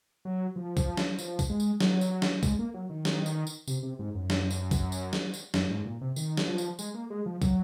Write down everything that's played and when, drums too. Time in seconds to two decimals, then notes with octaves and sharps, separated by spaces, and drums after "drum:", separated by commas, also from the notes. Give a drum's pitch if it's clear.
0.25 F#3
0.56 F3
0.77 drum: kick, tambourine
0.97 drum: snare
1.19 F3, drum: tambourine
1.39 drum: kick, tambourine
1.49 G#3
1.60 drum: tambourine
1.80 F#3, drum: snare
2.01 drum: tambourine
2.22 drum: snare
2.43 G#3, drum: kick, tambourine
2.59 A#3
2.74 F#3
2.90 D#3
3.05 drum: snare
3.26 drum: tambourine
3.47 drum: tambourine
3.68 C3, drum: tambourine
3.83 C3
3.99 G#2
4.15 F#2
4.30 drum: snare
4.51 drum: tambourine
4.71 drum: kick, tambourine
4.92 drum: tambourine
5.13 drum: snare
5.34 drum: tambourine
5.54 F#2, drum: snare
5.71 G#2
5.85 A#2
6.01 C3
6.16 D#3, drum: tambourine
6.37 drum: snare
6.48 F3
6.58 drum: tambourine
6.79 G#3, drum: tambourine
6.94 A#3
7.10 G#3
7.26 F3
7.42 F#3, drum: kick, tambourine